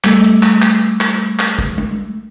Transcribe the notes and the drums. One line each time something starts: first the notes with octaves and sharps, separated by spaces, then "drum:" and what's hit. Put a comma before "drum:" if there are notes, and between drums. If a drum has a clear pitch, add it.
G3 A3, drum: clap
drum: hi-hat
drum: clap
drum: clap
drum: clap
drum: clap
drum: kick
drum: tom G#3